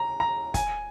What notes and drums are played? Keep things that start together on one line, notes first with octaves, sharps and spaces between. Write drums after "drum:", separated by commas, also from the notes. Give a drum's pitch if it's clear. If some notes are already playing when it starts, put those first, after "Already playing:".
Already playing: A#5
A#5
G#5, drum: kick, hi-hat